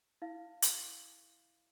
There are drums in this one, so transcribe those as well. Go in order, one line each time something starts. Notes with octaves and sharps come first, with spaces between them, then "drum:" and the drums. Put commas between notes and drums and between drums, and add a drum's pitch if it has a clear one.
E4 F5
drum: hi-hat